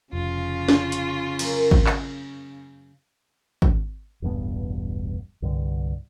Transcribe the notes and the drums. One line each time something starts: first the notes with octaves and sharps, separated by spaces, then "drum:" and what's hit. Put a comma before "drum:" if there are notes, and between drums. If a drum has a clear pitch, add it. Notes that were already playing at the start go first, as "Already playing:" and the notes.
F1 C#3 F4
drum: snare
drum: hi-hat
F#2 A#3, drum: cymbal
drum: kick G#1
drum: clap
drum: kick G#1
E1 A1 G2 B3
C2 G2 D3